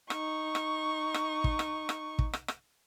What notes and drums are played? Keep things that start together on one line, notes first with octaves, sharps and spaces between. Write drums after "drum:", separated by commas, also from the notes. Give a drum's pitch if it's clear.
D#4 C#6, drum: rim click
drum: rim click
drum: rim click
drum: kick
drum: rim click
drum: rim click
drum: kick
drum: rim click
drum: rim click